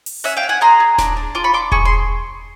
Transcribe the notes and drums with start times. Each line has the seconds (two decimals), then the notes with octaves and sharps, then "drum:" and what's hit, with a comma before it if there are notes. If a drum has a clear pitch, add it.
0.06 drum: open hi-hat
0.24 C#4 E5 F#5
0.37 F5 G5
0.43 C#4
0.49 F#5 G#5
0.61 G#4 A#5 C6
0.80 G#4
0.98 D4, drum: snare D#1
1.17 D4
1.35 F4 C6 D6
1.44 B5 C#6
1.53 D4 C6 D6
1.72 G#4 C#6, drum: kick E1
1.85 C6